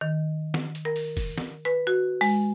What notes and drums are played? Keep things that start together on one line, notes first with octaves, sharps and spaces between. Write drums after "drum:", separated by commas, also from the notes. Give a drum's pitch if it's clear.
D#3
drum: snare
drum: hi-hat
A#4
drum: open hi-hat
drum: kick, open hi-hat
drum: snare
B4
F#4
G#3, drum: open hi-hat